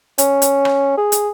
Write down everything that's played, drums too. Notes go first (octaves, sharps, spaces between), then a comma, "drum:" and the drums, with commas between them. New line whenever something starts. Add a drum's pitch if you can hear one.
C#4, drum: hi-hat
drum: hi-hat
drum: rim click
G#4
drum: hi-hat